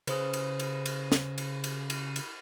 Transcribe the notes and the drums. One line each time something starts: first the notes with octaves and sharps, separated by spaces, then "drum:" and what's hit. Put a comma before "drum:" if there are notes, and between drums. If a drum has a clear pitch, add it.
C#3 B4 C5 D#6, drum: cymbal
drum: cymbal
drum: cymbal
drum: cymbal
drum: snare
drum: cymbal
drum: cymbal
drum: cymbal
drum: cymbal